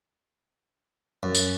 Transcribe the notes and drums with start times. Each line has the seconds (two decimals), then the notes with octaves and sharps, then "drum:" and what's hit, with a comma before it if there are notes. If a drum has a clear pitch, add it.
1.23 F#2
1.35 drum: tambourine